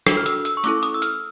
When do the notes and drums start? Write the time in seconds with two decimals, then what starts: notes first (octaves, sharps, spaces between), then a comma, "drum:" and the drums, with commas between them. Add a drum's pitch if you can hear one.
0.07 D4 F#4 A4, drum: rim click
0.17 F6
0.26 E6, drum: hi-hat
0.45 E6, drum: hi-hat
0.57 C#6
0.64 A3 C#4 E4 A4 D6, drum: hi-hat
0.83 D#6, drum: hi-hat
0.94 E6
1.02 F6, drum: hi-hat